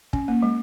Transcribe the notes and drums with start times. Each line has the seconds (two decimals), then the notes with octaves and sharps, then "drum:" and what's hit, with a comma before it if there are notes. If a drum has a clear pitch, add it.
0.13 C#4, drum: kick
0.28 A#3
0.42 G#3